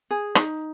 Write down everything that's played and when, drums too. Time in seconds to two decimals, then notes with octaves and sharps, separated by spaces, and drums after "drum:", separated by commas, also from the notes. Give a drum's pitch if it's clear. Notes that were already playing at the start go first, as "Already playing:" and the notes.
0.11 G#4
0.35 D#4, drum: rim click